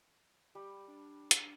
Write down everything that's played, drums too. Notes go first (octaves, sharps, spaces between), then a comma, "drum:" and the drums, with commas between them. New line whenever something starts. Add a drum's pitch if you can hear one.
G3 G4
D4
drum: hi-hat